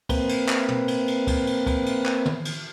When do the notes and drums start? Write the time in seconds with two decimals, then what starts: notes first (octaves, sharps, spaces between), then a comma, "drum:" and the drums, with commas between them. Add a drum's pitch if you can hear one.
0.09 A#3 C4 B4, drum: kick, cymbal
0.29 drum: cymbal
0.49 drum: clap
0.68 drum: tom
0.88 drum: cymbal
1.08 drum: cymbal
1.27 drum: kick, cymbal
1.47 drum: cymbal
1.66 drum: kick, cymbal
1.86 drum: cymbal
2.06 drum: clap
2.25 drum: tom
2.45 drum: cymbal